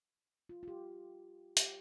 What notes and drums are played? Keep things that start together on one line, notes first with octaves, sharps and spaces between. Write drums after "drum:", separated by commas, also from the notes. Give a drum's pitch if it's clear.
F4
F4
G4
G4, drum: hi-hat